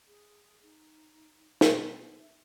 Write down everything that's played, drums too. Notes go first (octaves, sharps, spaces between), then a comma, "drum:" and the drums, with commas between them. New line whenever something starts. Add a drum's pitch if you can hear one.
G#4
D#4
drum: snare
B3
E5